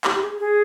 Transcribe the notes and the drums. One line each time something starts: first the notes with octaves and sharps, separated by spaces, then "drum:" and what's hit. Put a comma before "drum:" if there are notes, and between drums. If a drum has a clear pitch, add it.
G4, drum: clap
G#4
G#4